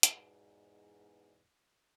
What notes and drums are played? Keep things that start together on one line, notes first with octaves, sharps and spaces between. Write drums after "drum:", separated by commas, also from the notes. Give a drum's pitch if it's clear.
E2 G#2 B2, drum: hi-hat